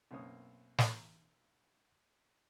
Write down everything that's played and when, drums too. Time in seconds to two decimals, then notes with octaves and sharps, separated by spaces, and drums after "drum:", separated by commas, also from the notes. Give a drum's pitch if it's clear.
0.11 B1 F#2 A#3 C4 C#5 D#6
0.78 drum: snare